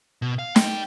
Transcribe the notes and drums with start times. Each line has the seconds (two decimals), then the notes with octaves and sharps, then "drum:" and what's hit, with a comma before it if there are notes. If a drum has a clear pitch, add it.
0.22 B2
0.39 F5
0.56 G3 G5, drum: snare